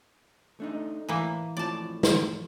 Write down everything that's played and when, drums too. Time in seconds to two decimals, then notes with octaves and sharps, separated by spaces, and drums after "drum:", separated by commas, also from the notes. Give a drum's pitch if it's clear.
0.60 A3 D4 D#4
1.09 A2 E3 A#3
1.57 F2 A2 F3 D5 A5
2.03 drum: snare